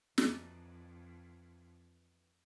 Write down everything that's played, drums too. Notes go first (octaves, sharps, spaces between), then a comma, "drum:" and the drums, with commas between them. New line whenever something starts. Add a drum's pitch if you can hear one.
F2 E3 D4 D#4, drum: snare